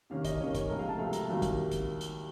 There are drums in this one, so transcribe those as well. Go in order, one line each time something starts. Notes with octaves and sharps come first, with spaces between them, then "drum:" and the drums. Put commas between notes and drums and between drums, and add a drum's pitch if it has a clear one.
C3 D#3 A#3 C#4 F5
D#5, drum: kick, hi-hat
C3 D#3 A#3 C#4 C#5
C#5, drum: kick, hi-hat
C#2 C3 F3 A3 A#4
F5
A5
C#2 C3 F3 A3 F5
A#5, drum: hi-hat
C2 C3 D#3 F#3 A#3
drum: kick, hi-hat
drum: kick, hi-hat
drum: hi-hat